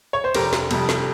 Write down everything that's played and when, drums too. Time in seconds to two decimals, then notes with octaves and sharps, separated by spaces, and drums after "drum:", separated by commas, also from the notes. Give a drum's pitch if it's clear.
0.13 C#5
0.24 C5
0.35 F1 G4 A#4, drum: cymbal
0.53 drum: snare
0.71 F2 C3 G3, drum: cymbal
0.89 drum: snare